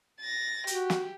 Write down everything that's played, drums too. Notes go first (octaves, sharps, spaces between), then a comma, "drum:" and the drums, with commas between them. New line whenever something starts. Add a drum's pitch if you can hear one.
A6 A#6
F#4 G4, drum: hi-hat
drum: snare